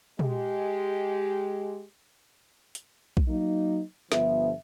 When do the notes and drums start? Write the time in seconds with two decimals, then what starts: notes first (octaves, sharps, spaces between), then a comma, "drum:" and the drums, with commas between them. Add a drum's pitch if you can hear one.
0.19 G#3 G4, drum: tom
2.75 drum: hi-hat
3.17 drum: kick B1
3.28 F#3 A#3 D#4
4.12 G1 F3 B3 E5, drum: snare